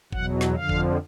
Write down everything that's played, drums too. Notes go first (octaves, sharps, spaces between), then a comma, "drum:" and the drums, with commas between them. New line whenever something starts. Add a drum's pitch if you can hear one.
E2 B2 F#3 F#5, drum: kick G1
drum: snare
F2 D3 F3 F5
drum: kick G1